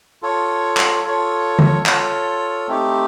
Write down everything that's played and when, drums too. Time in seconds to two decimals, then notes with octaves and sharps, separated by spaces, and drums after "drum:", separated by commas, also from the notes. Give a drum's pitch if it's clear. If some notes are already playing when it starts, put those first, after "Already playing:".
0.22 F4 A4 C#5
0.77 drum: clap
1.04 F4 A4 C#5
1.59 drum: tom
1.86 F4 A4 C#5, drum: clap
2.68 A3 C4 D#4 G4